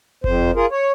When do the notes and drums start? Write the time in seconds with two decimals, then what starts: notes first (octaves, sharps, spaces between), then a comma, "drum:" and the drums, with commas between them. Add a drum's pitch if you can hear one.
0.24 F2 C5, drum: kick F#1
0.56 F4 G#4 A#4
0.71 C#5